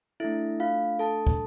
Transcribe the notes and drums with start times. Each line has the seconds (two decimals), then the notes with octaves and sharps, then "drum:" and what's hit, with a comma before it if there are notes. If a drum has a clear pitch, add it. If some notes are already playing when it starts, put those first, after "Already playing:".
0.20 A3 D4 E4 A4 E5
0.60 F4 F5
0.99 A4 A5
1.27 drum: kick